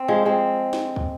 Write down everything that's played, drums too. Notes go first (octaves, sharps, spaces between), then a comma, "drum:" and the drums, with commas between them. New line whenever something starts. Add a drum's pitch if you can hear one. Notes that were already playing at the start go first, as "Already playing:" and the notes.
Already playing: C4
F3 G#3
G#3 C4
drum: snare
drum: kick